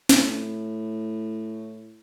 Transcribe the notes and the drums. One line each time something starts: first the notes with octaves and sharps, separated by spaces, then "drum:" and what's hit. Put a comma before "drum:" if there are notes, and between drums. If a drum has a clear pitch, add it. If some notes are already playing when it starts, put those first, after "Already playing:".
A#2, drum: snare
A2